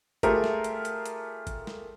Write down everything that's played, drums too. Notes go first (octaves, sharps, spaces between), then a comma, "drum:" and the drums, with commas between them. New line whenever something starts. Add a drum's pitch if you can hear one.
A3 F4 G4 G#4 A#4, drum: kick, hi-hat
drum: snare
drum: hi-hat
drum: hi-hat
drum: hi-hat
drum: kick, hi-hat
drum: snare